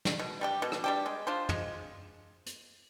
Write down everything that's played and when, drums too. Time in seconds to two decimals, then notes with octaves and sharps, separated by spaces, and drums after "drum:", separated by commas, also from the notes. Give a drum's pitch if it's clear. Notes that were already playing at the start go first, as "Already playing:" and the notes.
0.05 drum: snare
0.19 B2
0.41 G3 D4 G4
0.62 B2
0.72 drum: rim click
0.84 G3 D4 G4
1.06 G#3
1.27 D4 F4 C5
1.49 G#3, drum: tom
2.46 drum: hi-hat